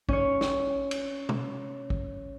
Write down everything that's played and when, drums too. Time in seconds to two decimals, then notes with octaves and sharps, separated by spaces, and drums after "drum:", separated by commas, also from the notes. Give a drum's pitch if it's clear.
0.09 C#4 C#5, drum: kick
0.41 drum: snare
0.91 drum: cymbal
1.29 drum: tom B2
1.90 drum: kick